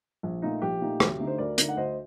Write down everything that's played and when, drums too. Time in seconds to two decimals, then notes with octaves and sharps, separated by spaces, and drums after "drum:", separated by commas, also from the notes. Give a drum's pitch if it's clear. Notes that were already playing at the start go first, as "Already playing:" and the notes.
0.23 A#1
0.42 A#2 A3 D#4
0.62 A#1 G4
0.81 A#2 A3 D#4
1.00 D2, drum: rim click
1.20 D3 A3 D#4
1.27 C5
1.38 D2 A#4 D5
1.58 D3 A3 D#4, drum: hi-hat
1.69 F#5
1.77 D2 C5 D#5